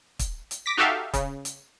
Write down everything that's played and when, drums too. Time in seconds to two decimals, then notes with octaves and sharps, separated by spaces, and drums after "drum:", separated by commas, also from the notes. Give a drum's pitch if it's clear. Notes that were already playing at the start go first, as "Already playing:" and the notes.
0.19 drum: kick, hi-hat
0.51 drum: hi-hat
0.66 D6 A#6 B6
0.77 D#4 F#4 G4 A4 E5 F5
1.14 C#3, drum: kick, hi-hat
1.45 drum: hi-hat